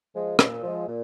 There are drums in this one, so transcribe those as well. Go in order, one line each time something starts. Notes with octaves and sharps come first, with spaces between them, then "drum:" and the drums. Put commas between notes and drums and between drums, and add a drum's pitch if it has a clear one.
F3 G#3
A#2, drum: rim click
F3 G#3
A#2